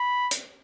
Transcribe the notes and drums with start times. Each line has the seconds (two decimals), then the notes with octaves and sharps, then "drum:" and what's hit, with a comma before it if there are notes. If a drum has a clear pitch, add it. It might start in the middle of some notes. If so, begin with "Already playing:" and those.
Already playing: B5
0.31 drum: hi-hat